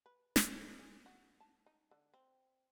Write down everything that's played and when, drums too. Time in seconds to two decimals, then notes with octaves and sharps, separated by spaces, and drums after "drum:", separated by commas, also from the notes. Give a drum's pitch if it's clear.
0.06 B4
0.36 drum: snare
0.79 G#4
1.06 F#4
1.40 A5
1.66 D#4
1.91 D3
2.14 C4